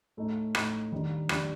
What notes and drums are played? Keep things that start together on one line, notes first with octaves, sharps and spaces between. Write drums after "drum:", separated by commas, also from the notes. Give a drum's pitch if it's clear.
A2 A3 D#4
A2 A3 D#4, drum: rim click
D#3 G3 D4
D#3 G3 D4, drum: rim click